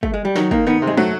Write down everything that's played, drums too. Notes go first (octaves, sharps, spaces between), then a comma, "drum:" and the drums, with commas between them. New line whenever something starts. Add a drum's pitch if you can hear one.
A3, drum: kick
G#3
G3
D#3 F#3, drum: snare
D#3 A#3, drum: kick
D#3 B3
C3
G#3
F#3 A3